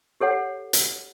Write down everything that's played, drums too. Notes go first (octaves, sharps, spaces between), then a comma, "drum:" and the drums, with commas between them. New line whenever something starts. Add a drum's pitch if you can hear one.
G4 A4 C#5 F#5
drum: hi-hat